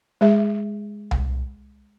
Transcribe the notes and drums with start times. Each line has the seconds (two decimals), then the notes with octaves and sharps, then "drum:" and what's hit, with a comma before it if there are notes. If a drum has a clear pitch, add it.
0.21 G#3 G#4 E5
1.11 drum: tom C2